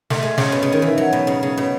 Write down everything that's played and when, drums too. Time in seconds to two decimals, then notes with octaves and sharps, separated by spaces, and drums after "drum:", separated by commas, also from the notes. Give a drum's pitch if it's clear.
0.10 A3, drum: snare
0.23 G#3
0.38 C#3, drum: snare
0.52 B2
0.63 C#3
0.72 D#3
0.82 E3
0.98 F#3
1.13 B2
1.27 C#3
1.43 C#3
1.57 B2